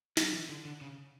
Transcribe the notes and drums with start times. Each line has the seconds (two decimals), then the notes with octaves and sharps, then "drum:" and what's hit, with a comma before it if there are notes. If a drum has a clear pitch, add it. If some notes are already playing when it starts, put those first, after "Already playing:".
0.17 F#3, drum: snare
0.33 E3
0.49 D3
0.65 D3
0.81 C#3